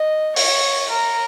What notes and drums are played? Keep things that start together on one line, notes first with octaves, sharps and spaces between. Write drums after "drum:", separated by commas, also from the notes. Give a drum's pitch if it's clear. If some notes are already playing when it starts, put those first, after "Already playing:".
Already playing: D#5
C#5, drum: open hi-hat
A#4